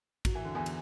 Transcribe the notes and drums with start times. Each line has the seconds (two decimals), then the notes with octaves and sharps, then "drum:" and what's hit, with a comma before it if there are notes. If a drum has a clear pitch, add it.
0.25 F#3, drum: kick, cymbal
0.35 E3
0.45 D3
0.55 E2 E3
0.66 drum: cymbal